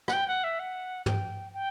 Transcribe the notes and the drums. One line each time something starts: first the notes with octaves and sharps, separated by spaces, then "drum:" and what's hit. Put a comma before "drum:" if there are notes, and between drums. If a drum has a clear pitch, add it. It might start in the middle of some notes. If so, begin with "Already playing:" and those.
F#5, drum: rim click
G5
F#5
E5
F#5
G5, drum: tom
G5